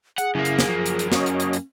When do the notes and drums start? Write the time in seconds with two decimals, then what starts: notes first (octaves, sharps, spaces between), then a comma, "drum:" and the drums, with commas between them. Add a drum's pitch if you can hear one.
0.18 G#4 F#5, drum: hi-hat
0.35 F#2 C#3 A#3 E4
0.45 drum: hi-hat
0.59 drum: snare
0.68 F3
0.86 drum: hi-hat
0.99 drum: hi-hat
1.12 C#4 F#4 C#5 D#5, drum: snare
1.26 drum: hi-hat
1.40 drum: hi-hat
1.53 drum: hi-hat